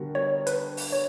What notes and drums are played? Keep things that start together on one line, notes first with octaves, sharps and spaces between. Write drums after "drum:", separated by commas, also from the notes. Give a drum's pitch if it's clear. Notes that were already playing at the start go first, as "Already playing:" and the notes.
Already playing: D3 G3 B3 F#4 A#4
C#5
B4, drum: hi-hat
drum: open hi-hat
C#5